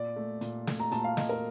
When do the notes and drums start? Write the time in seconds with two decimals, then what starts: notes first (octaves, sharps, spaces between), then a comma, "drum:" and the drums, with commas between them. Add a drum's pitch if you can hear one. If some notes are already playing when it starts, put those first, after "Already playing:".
Already playing: A#2 D5
0.16 A3
0.41 A#2, drum: hi-hat
0.67 A3, drum: snare
0.80 A#5
0.92 A#2 A5, drum: hi-hat
1.04 F5
1.17 A3 D#5, drum: snare
1.29 A#4